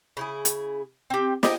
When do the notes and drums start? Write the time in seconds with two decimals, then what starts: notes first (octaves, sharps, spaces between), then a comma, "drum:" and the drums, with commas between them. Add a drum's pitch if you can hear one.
0.17 C#3 E4 G#4
0.45 drum: hi-hat
1.10 C4 G4
1.43 G4 A#4 D#5, drum: snare